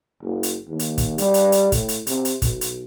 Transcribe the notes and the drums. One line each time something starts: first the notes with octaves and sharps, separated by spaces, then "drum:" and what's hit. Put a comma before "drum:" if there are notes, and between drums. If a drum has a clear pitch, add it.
F#1
drum: hi-hat
D#2
drum: hi-hat
drum: kick, hi-hat
G3, drum: hi-hat
drum: hi-hat
drum: hi-hat
A2, drum: kick, hi-hat
drum: hi-hat
C3, drum: hi-hat
drum: hi-hat
B1, drum: kick, hi-hat
drum: hi-hat